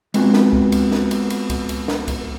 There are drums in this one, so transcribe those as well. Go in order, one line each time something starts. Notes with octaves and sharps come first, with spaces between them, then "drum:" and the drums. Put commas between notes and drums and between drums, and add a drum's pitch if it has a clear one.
G#3 B3 C4 F4 F#4, drum: cymbal
drum: snare
drum: kick C#2
drum: cymbal
drum: snare
drum: cymbal
drum: cymbal
drum: kick C#2, cymbal
drum: cymbal
drum: snare
drum: kick C#2, cymbal